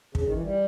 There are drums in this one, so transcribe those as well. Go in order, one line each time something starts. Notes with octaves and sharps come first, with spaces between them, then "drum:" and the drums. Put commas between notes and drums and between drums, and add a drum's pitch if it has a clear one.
C#3, drum: kick
D#3
E3
G3